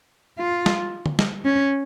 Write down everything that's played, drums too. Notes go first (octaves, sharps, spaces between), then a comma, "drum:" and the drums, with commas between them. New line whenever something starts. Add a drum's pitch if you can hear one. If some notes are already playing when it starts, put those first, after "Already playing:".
F4
drum: snare
drum: tom D3
drum: snare
C#4